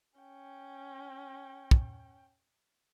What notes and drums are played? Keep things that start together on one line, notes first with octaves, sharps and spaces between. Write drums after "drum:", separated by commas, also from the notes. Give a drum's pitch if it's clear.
C#4 G5
drum: kick